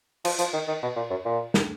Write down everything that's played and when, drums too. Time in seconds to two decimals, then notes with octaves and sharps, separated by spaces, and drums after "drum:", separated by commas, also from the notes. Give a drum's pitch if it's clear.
0.25 F3, drum: cymbal
0.39 F3, drum: hi-hat
0.53 D#3
0.68 D#3
0.83 B2
0.96 A#2
1.10 F#2
1.25 A#2
1.54 drum: snare